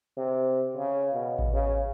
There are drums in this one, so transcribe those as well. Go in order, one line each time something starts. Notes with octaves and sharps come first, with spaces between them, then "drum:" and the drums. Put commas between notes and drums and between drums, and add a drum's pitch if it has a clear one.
C3
C#3
B2
drum: kick A1
C#3